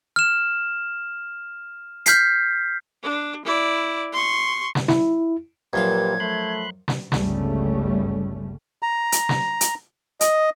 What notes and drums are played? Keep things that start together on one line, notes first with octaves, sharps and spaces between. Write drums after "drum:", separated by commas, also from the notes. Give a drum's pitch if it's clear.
F6 E7
F6 G6 B6 C7, drum: hi-hat
D4
E4 D5
C6 C#6
drum: snare
E4, drum: snare
F#2 A#2 F3 G4 A#4 B4 F5 G#6
A3 B5 C6 F#6
drum: snare
G1 C#2 C#3 G3 A3 C#4, drum: snare
A#5
drum: hi-hat
drum: snare
drum: hi-hat
D#5, drum: hi-hat